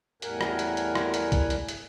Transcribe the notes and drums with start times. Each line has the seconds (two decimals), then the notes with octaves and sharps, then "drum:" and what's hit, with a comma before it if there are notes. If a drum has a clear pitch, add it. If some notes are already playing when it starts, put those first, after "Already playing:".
0.22 E2 A2 G3 A#4 F#5 G#5, drum: hi-hat
0.41 drum: rim click
0.59 drum: hi-hat
0.77 drum: hi-hat
0.95 drum: rim click
1.14 drum: hi-hat
1.32 drum: kick, hi-hat
1.50 drum: hi-hat
1.69 drum: hi-hat